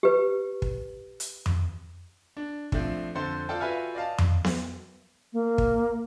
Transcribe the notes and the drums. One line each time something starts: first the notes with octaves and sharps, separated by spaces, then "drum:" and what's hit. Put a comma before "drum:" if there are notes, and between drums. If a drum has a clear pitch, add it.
G4 B4
drum: kick
drum: hi-hat
drum: tom F2
D4
F3 A3 C4 D4, drum: kick
F2 D3 A4 C5 C6 G6
F4 A4 D5 G5 A5
F4 F#4 B4 E5 G#5 F6
D5 D#5 F5 A5
drum: tom F2
drum: snare B3
A#3
drum: kick